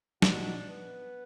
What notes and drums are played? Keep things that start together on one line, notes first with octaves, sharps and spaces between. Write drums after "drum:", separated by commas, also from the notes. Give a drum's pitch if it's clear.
A#2 F3 G#3 D4 D#4 F#4, drum: snare
B3